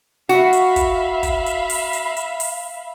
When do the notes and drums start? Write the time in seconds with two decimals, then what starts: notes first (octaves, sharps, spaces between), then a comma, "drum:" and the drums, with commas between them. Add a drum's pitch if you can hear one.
0.29 F#4 E5 F5 B5, drum: snare
0.53 drum: hi-hat
0.76 drum: kick, hi-hat
1.23 drum: kick, hi-hat
1.46 drum: hi-hat
1.70 drum: open hi-hat
1.93 drum: hi-hat
2.17 drum: hi-hat
2.40 drum: open hi-hat